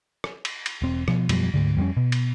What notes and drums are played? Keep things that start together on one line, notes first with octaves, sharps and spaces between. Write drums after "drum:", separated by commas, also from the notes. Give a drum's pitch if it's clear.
drum: rim click
drum: cymbal
drum: cymbal
E1 C4
B2 F3, drum: rim click
F#2 B2 F3 G3, drum: cymbal
D2 G#2 D3
F2 G3 G#3 C#4
B2
drum: cymbal